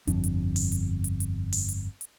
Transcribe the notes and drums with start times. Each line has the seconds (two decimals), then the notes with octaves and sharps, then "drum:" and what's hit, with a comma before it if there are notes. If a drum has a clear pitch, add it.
0.07 G1 F2 D4, drum: hi-hat
0.24 drum: hi-hat
0.56 drum: open hi-hat
0.72 drum: hi-hat
1.04 drum: hi-hat
1.20 drum: hi-hat
1.52 drum: open hi-hat
1.69 drum: hi-hat
2.01 drum: hi-hat